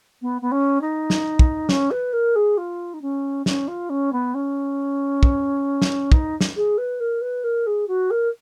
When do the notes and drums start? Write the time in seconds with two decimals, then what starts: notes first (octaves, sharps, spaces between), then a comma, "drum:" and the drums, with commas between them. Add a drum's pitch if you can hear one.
0.22 B3
0.41 B3
0.51 C#4
0.81 D#4
1.10 drum: snare
1.39 drum: kick
1.69 C#4, drum: snare
1.91 B4
2.13 A#4
2.35 G#4
2.57 F4
2.94 D#4
3.01 C#4
3.46 C#4, drum: snare
3.68 F4
3.89 C#4
4.12 B3
4.34 C#4
5.23 drum: kick
5.82 drum: snare
6.12 D#4, drum: kick
6.41 drum: snare
6.56 G#4
6.77 B4
7.00 A#4
7.21 B4
7.44 A#4
7.66 G#4
7.88 F#4
8.10 A#4